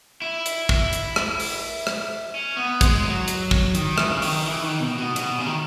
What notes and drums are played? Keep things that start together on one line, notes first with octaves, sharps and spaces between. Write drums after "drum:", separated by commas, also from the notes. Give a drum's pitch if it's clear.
E4
drum: hi-hat
drum: kick
drum: hi-hat
drum: rim click
drum: open hi-hat
drum: rim click
C#4
B3
G#3, drum: kick, hi-hat
F#3
drum: hi-hat
drum: kick
D#3, drum: hi-hat
E3, drum: rim click
C#3
D#3, drum: open hi-hat
E3
D#3
B2
B2
B2, drum: hi-hat
C#3
D#3